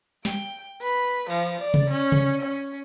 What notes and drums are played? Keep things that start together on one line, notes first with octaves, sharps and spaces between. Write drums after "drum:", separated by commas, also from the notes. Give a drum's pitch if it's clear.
G5, drum: snare
B4
F3, drum: cymbal
D5
drum: tom C3
C#4
drum: tom C3
C#4